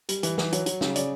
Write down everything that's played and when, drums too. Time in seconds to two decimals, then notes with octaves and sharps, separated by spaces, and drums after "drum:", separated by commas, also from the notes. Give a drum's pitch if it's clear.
0.09 G3, drum: hi-hat
0.23 E3, drum: hi-hat
0.38 E3, drum: snare
0.52 F#3, drum: hi-hat
0.66 F#3, drum: hi-hat
0.81 C#3, drum: snare
0.96 C#3 D5, drum: hi-hat